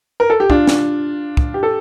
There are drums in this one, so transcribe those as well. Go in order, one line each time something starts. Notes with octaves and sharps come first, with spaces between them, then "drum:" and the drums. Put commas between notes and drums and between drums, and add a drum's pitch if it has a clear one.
A#4
A4
G4
D4 F4, drum: kick
drum: snare
drum: kick
G4
A4